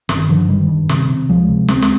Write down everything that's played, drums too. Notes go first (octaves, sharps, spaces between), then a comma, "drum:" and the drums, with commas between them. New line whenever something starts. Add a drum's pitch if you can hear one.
G1 D#3, drum: snare
G2 D3 F3
G1 D#3 G3
G2
C3, drum: snare
C3
D2 F3 G#3
C3
D2 G#3 C4, drum: snare
drum: snare